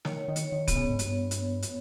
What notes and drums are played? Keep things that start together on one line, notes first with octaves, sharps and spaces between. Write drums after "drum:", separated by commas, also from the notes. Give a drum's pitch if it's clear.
D#3 C#5, drum: snare
D#3
C#5, drum: hi-hat
D#3
B3, drum: kick, hi-hat
C#3
G#2
G2 B3, drum: hi-hat
drum: hi-hat
drum: hi-hat